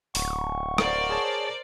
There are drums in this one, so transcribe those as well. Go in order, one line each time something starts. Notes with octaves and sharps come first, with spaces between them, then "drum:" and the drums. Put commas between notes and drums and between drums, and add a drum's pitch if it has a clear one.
D1 F#5 C#6, drum: open hi-hat
A#4 C5 D5, drum: rim click
G#4 C#5 A5